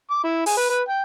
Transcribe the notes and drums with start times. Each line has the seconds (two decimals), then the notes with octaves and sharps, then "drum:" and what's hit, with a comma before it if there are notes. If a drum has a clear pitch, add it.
0.11 D6
0.24 E4
0.46 G#4, drum: open hi-hat
0.57 B4
0.69 B4
0.88 G5